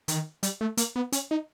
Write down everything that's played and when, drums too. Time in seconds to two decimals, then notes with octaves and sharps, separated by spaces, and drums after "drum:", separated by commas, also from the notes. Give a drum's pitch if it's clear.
0.08 D#3, drum: hi-hat
0.43 G3, drum: hi-hat
0.61 A3
0.77 A#3, drum: hi-hat
0.96 B3
1.12 C#4, drum: hi-hat
1.31 D#4